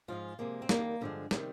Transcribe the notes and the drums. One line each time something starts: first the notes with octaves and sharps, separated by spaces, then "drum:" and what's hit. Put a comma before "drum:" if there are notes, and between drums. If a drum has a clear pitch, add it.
G#2 F3 G#3 F4
C3 F3 G#3 A#3
C4
F2 D#3 G3 A#3, drum: snare
G2 D3 F3 G#3
C3 D#3 G3 A#3, drum: snare